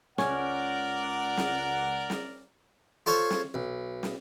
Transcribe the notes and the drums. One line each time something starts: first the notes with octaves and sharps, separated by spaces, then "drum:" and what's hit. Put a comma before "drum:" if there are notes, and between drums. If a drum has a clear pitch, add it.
C#2 C#4 A#4 D5 F#5, drum: snare
drum: snare
drum: snare
F4 A4 C5 C#5
drum: snare
B1
drum: snare